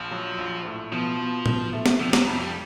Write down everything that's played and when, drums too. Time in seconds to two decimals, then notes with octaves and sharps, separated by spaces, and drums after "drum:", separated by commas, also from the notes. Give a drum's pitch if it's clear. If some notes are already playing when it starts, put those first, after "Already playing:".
Already playing: A#1 F3
0.11 F#3
0.38 A#1
0.65 A2
0.92 B2 F3
1.19 B2
1.46 B2, drum: tom A2
1.73 A3
1.86 drum: snare
2.00 C3 F3
2.13 F#3, drum: snare
2.27 F2 G3
2.41 G3